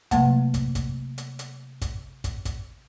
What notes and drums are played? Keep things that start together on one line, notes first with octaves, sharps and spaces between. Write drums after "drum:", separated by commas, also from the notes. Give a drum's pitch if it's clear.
C3 F#3 A3 A#3 F#5, drum: kick, hi-hat
drum: kick, hi-hat
drum: kick, hi-hat
drum: hi-hat
drum: hi-hat
drum: kick, hi-hat
drum: kick, hi-hat
drum: kick, hi-hat